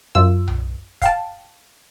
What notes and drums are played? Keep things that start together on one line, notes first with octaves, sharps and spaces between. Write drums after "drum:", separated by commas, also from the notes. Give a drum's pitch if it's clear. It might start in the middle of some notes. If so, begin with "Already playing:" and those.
F#2 F4 E6
drum: tom B1
F5 G5 A5, drum: kick, hi-hat